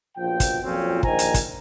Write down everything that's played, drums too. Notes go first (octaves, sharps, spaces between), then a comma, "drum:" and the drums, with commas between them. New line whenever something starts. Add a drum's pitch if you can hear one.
A#1 B2 F3 G5
drum: kick, hi-hat
F2 A#2 F#3 C4 C#4
A#1 D#3 C5 G#5 A#5, drum: kick
drum: hi-hat
drum: kick, hi-hat